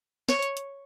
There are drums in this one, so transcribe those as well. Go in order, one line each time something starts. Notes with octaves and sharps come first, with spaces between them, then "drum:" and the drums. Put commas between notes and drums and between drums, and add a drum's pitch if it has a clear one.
C#5, drum: snare
drum: hi-hat
drum: hi-hat